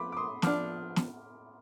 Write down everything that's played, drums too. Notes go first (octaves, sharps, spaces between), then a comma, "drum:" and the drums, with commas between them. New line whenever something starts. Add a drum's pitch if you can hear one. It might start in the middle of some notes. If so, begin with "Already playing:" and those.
Already playing: F3 B3 B5 C6 D6
D6
C6 D#6
F3 B3 D4 D6 F6, drum: snare
drum: snare